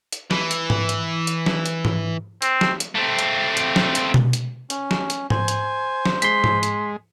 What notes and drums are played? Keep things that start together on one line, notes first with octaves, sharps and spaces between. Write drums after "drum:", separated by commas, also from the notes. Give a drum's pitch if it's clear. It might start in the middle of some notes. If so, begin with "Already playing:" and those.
drum: hi-hat
E3, drum: snare
drum: hi-hat
drum: tom G#2
drum: hi-hat
drum: hi-hat
drum: snare
drum: hi-hat
drum: tom G#2
C4, drum: hi-hat
drum: snare
drum: hi-hat
A3 C4
drum: hi-hat
drum: hi-hat
drum: snare
drum: hi-hat
drum: tom B2
drum: hi-hat
C#4, drum: hi-hat
drum: snare
drum: hi-hat
C5 G#5, drum: tom G#2
drum: hi-hat
drum: snare
G#3 C6 B6, drum: hi-hat
drum: tom G#2
drum: hi-hat